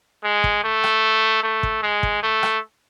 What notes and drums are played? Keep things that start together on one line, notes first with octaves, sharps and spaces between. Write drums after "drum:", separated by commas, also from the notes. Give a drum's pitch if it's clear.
G#3
drum: kick
A3
drum: rim click
A3
drum: kick
G#3
drum: kick
A3
drum: rim click